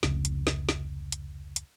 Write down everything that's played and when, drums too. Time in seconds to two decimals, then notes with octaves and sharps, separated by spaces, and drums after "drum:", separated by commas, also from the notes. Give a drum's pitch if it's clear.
0.03 F1 C#2, drum: snare
0.25 drum: hi-hat
0.47 drum: snare
0.69 drum: snare
1.12 drum: hi-hat
1.56 drum: hi-hat